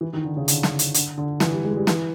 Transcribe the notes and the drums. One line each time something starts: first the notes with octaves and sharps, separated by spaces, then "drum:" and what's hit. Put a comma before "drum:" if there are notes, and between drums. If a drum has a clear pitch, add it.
E3
D#3
D3
C#3
D3, drum: hi-hat
drum: snare
drum: hi-hat
D3, drum: hi-hat
D3
E3, drum: snare
G3
G#3
G3
E3, drum: snare